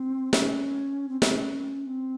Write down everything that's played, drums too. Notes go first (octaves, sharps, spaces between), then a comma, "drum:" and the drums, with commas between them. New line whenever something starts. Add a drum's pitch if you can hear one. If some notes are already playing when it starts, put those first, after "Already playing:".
Already playing: C4
C#4, drum: snare
C4
C4, drum: snare
C#4
C4